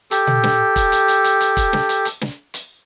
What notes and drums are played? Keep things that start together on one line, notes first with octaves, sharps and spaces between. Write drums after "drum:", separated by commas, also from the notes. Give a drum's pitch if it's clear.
G4 A4, drum: hi-hat
drum: tom A#2
drum: snare
drum: kick E1, hi-hat
drum: hi-hat
drum: hi-hat
drum: hi-hat
drum: hi-hat
drum: kick E1, hi-hat
drum: snare
drum: hi-hat
drum: hi-hat
drum: snare
drum: hi-hat